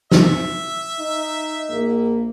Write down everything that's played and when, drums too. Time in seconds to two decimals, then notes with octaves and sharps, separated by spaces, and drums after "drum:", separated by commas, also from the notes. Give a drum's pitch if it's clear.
0.11 E5, drum: snare
0.99 D#4
1.70 A#1 A#3